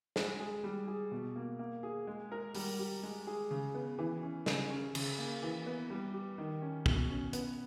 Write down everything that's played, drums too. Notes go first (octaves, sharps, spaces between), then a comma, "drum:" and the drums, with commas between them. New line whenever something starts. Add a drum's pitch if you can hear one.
G#3, drum: snare
G#4
G3
G#4
B2
A#3
A#3
G#4
G#3
A#4
G3, drum: open hi-hat
G4
G#3
G#4
C#3
B3
E3
C#4
C#3, drum: snare
C#4
C#3, drum: cymbal
A#3
E3
B3
G3
G4
D#3
C#4
B2, drum: kick
C#4
B3, drum: hi-hat